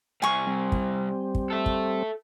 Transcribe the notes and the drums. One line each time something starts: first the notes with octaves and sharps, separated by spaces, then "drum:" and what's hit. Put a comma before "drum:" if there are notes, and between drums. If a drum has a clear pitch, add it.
C2 C3 G#5 C#6
G3 C4
drum: kick
drum: kick
A4 E5
drum: kick